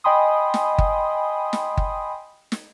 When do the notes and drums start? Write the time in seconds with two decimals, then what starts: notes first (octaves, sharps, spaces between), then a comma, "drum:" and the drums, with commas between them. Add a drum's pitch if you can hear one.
0.04 D#5 G5 G#5 B5 C6 D#6
0.54 drum: snare
0.78 drum: kick G1
1.53 drum: snare
1.77 drum: kick G1
2.52 drum: snare